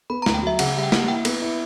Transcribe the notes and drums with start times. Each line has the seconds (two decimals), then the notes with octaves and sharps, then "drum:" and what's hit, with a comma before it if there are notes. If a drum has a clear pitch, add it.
0.10 B3 B5
0.22 A#5
0.26 D2, drum: snare
0.34 G5
0.43 F#3 E5
0.59 C#3 F#5, drum: cymbal
0.76 G3 F#5
0.83 G5
0.92 A#3, drum: snare
1.08 E4 G5
1.25 B3, drum: cymbal
1.42 E4